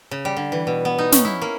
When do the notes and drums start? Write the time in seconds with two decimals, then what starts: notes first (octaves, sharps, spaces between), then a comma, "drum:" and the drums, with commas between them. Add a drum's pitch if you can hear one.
0.11 C#3
0.25 G3
0.37 D3
0.52 E3
0.67 B2
0.85 B3
0.98 D#4
1.12 C#4, drum: snare
1.25 E4
1.42 A#3